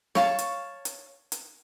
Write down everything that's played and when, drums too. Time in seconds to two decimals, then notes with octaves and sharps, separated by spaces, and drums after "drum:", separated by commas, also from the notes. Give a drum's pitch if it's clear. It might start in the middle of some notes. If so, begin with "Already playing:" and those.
0.15 C#5 F5 A5 C#6, drum: snare
0.39 drum: hi-hat
0.85 drum: hi-hat
1.32 drum: hi-hat